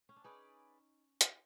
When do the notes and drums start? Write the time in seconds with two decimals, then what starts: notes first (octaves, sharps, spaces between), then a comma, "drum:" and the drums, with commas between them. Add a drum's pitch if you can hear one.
0.09 C#4
0.16 D4
0.24 C#4 D#4 G#4 B4 D5
1.21 drum: hi-hat